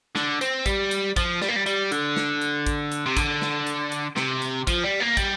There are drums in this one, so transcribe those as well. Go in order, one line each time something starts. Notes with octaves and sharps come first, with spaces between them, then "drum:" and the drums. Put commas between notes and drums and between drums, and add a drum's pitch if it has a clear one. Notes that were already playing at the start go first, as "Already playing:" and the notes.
D3, drum: snare
C4, drum: hi-hat
G3, drum: kick, hi-hat
drum: hi-hat
F3, drum: kick, hi-hat
G3, drum: snare
A#3
G3
G3, drum: hi-hat
D3, drum: hi-hat
drum: snare
drum: hi-hat
drum: kick, hi-hat
drum: hi-hat
C3
D3, drum: kick, hi-hat
drum: snare
drum: hi-hat
drum: hi-hat
C3, drum: snare
drum: hi-hat
F3, drum: kick, hi-hat
G3
A#3
G3, drum: kick, hi-hat